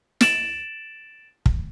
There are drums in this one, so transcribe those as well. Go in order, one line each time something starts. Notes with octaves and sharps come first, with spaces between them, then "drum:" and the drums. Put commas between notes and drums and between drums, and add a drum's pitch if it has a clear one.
A6 D7 E7 F#7, drum: snare
drum: kick